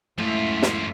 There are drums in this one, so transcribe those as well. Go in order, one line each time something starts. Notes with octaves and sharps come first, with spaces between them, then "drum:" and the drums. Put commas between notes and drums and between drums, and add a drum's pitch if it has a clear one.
F#2 A2 G#3 A3 E4 F4 E5
drum: snare